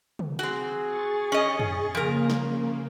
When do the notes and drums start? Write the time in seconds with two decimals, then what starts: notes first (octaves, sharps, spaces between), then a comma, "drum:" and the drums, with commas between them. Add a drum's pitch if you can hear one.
0.19 drum: tom
0.39 C4 F#4 G#4
0.85 C#6 A6
1.32 C#4 D#5
1.60 drum: tom
1.95 C#3 F3 A#3 A#4
2.30 drum: snare